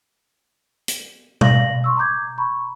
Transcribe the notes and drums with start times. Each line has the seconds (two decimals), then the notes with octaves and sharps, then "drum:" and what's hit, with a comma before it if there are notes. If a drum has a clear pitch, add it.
0.88 drum: hi-hat
1.41 D5 F5 A#6 F#7, drum: tom B2
1.84 C6 C#6 E6
1.97 A#5 D6 G6 G#6
2.38 A#5 B5 C#6